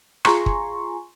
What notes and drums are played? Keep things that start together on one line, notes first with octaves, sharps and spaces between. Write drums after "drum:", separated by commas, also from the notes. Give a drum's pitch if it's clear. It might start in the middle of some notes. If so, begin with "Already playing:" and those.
F4 G#4 G#5 A#5 C6 C#6, drum: rim click
drum: kick